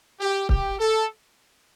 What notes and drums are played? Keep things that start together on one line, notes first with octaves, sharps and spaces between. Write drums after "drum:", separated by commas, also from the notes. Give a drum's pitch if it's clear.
G4
G4, drum: kick C#1
A4